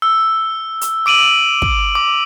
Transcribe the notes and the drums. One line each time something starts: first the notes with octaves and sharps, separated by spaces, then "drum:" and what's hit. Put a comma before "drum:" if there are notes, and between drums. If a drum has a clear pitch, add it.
E6
drum: hi-hat
D6 D7 D#7 F#7
drum: kick
D6